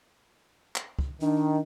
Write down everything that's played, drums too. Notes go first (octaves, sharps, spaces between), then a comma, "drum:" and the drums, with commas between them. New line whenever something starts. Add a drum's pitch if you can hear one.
drum: clap
drum: kick C#2
D#3 D4